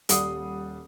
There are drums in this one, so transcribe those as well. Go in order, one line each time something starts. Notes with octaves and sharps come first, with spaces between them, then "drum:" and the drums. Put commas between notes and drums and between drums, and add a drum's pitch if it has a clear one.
D#1 G3 D5 F#5 D#6 C7, drum: hi-hat